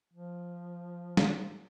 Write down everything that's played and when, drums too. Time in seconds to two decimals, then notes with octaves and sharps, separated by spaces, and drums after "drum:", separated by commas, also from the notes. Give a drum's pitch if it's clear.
0.14 F3
1.17 drum: snare